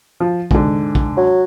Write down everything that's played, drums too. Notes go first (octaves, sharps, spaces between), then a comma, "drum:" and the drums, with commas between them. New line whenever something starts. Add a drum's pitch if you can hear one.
F3
G#2 D3, drum: kick
drum: kick
F#3